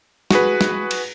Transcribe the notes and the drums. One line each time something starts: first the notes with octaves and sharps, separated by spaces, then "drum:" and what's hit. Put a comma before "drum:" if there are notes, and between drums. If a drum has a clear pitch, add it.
F#4 G#4 B4, drum: snare
drum: snare
drum: cymbal